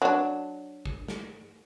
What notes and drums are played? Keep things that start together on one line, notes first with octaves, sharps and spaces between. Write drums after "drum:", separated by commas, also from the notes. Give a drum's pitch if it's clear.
F#3 D4
drum: kick
drum: snare